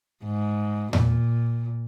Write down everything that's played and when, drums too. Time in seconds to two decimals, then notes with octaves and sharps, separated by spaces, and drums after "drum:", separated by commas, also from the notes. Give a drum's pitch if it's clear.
0.24 G#2
0.93 A#2, drum: tom E2